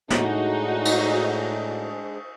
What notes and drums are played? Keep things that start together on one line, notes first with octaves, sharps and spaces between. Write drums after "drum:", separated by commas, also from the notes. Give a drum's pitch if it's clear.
A2 G#3 D4 D#4 F#4 G#4, drum: snare
drum: cymbal